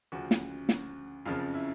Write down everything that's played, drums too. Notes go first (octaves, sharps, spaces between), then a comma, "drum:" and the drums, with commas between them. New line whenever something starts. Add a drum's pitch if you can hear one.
D2 C#3 F3 F#4
drum: snare
drum: snare
F#1 F2 C#3 F3 F4
E4